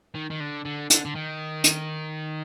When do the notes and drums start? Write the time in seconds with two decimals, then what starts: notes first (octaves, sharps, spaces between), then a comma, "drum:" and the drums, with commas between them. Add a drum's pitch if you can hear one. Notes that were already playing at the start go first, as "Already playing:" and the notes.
0.15 D#3
0.30 D#3
0.40 D3
0.65 D3
0.90 D3, drum: hi-hat
1.05 D3
1.15 D#3
1.64 drum: hi-hat